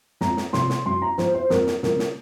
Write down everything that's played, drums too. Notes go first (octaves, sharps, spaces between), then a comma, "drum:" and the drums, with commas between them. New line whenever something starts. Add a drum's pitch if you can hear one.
F2 A#5, drum: snare
drum: snare
C3 F3 C6, drum: snare
drum: snare
F#2 C6
A#5
F3 C5, drum: snare
C5
F2 A#4, drum: snare
drum: snare
C#3 F3 A#4, drum: snare
drum: snare